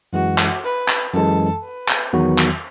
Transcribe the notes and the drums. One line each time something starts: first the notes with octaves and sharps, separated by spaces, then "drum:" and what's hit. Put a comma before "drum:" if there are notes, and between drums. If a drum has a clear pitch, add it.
F#2 E3 G#3 F#4
drum: clap
B4
drum: clap
F#2 E3 G#3 A4
B4
drum: clap
E2 D#3 F#3 B3 F#4
drum: clap